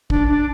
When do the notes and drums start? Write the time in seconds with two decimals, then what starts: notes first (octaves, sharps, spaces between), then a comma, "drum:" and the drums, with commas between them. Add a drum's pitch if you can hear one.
0.10 D4, drum: kick
0.27 D4